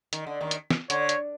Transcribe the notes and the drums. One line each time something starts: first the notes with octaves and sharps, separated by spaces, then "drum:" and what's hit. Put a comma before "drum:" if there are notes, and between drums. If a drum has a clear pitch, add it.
D#3, drum: hi-hat
D3
D#2 D#3
drum: hi-hat
drum: snare
D3 C#5, drum: hi-hat
drum: hi-hat